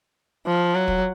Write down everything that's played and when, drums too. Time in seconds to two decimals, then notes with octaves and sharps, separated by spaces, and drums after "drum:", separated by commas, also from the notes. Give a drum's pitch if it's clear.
0.46 F3
0.75 F#3
0.88 drum: kick